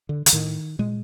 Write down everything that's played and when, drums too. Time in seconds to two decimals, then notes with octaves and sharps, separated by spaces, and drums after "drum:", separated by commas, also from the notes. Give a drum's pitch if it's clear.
0.09 D3
0.26 D3, drum: hi-hat
0.33 A2 D#3
0.79 A#2 G#3